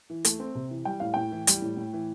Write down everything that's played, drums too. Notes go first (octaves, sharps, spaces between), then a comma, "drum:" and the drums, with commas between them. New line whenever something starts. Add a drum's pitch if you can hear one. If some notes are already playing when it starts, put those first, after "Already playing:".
E3
A3, drum: hi-hat
C4
C3
E3
G3 G5
A2 F5
A2 G5
E3
G3, drum: hi-hat
A2
A2
E3